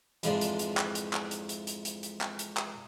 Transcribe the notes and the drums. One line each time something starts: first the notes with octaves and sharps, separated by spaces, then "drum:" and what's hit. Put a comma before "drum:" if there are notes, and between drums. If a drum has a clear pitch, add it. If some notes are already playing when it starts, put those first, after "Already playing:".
F2 G#2 E3 F3 G#3 D4, drum: hi-hat
drum: hi-hat
drum: hi-hat
drum: clap
drum: hi-hat
drum: clap
drum: hi-hat
drum: hi-hat
drum: hi-hat
drum: hi-hat
drum: hi-hat
drum: clap
drum: hi-hat
drum: clap